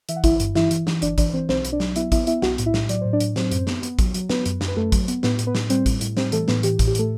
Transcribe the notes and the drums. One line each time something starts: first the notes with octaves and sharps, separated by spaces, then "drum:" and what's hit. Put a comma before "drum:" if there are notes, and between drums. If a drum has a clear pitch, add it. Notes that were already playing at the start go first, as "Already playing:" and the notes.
E3 E5, drum: hi-hat
F#5
G1 E4 E5, drum: kick A1, hi-hat
G2, drum: hi-hat
E3 E4 E5, drum: snare
E3, drum: hi-hat
E3, drum: snare
G1 D4 D5, drum: hi-hat
E3 D4 D5, drum: kick A1, hi-hat
E3 C4 C5
B1 C4 C5, drum: snare
B1, drum: hi-hat
D4 D5
F#3, drum: snare
B3 E4 E5, drum: hi-hat
B3 E4 E5, drum: kick A1, hi-hat
B3 E4 E5, drum: hi-hat
B1 F#4 F#5, drum: snare
A2, drum: hi-hat
E4 E5
A2, drum: snare
F#3 D5, drum: hi-hat
A2 C5
D4 D5
A2, drum: hi-hat
F#3 C4 C5, drum: snare
F#2, drum: hi-hat
B3, drum: snare
B3, drum: hi-hat
F#3, drum: kick A1, hi-hat
F#3, drum: hi-hat
F#3 B3 B4, drum: snare
F#2, drum: hi-hat
F#2, drum: snare
B4
F#2 A3 A4
F#3, drum: kick A1, hi-hat
B3, drum: hi-hat
A2 B3 B4, drum: snare
A2, drum: hi-hat
B3 B4
A2, drum: snare
G3 C4 C5, drum: hi-hat
A2, drum: kick A1, hi-hat
A2, drum: hi-hat
G3 C4 C5, drum: snare
E3 A3 A4, drum: hi-hat
A2 B3 B4, drum: snare
E3 G4, drum: hi-hat
A2, drum: kick A1, hi-hat
G4
A2 A3 A4, drum: hi-hat